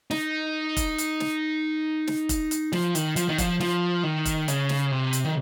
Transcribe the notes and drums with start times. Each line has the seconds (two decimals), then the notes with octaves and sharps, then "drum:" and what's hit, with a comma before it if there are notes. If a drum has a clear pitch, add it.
0.11 D#4, drum: snare
0.77 drum: kick, hi-hat
0.98 drum: hi-hat
1.20 drum: snare
2.07 drum: snare
2.29 drum: kick, hi-hat
2.51 drum: hi-hat
2.73 F3, drum: snare
2.95 D#3, drum: hi-hat
3.16 F3, drum: hi-hat
3.29 D#3
3.38 F3, drum: kick, hi-hat
3.60 F3, drum: snare
4.03 D#3
4.26 drum: kick, hi-hat
4.48 C#3, drum: hi-hat
4.69 drum: snare
4.92 C3
5.13 drum: hi-hat
5.25 D#3